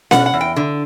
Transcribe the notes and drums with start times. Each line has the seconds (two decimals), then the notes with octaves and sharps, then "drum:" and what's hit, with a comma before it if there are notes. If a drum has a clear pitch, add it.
0.11 B2 F#5, drum: snare C#4
0.26 F#5
0.33 E2
0.41 G5
0.56 D3